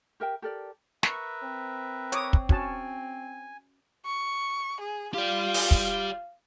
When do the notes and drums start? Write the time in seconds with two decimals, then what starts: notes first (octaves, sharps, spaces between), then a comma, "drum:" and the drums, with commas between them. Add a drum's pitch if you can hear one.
0.20 G4 A#4 E5 G5
0.42 G4 A4 A#4 D5
1.03 A#4 B4 E5 C#6, drum: snare
1.44 C4
2.12 C#5 D6 D#6, drum: hi-hat
2.33 drum: kick
2.49 C#4 F#4 G#5 A5, drum: kick
4.06 C#6
4.81 G#4
5.14 F4 G4 D5 F5
5.54 drum: open hi-hat
5.71 drum: kick